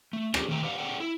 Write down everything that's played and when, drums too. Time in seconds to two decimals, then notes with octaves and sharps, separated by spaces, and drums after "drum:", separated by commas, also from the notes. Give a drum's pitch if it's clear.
0.13 A3
0.34 C#4 D4 G4 G#4, drum: rim click
0.49 D#3 A3 B4 G5 A#5
0.63 G4 B4 D5 F5 F#5
0.78 G#4 A4 D5 F#5 G5
1.00 E4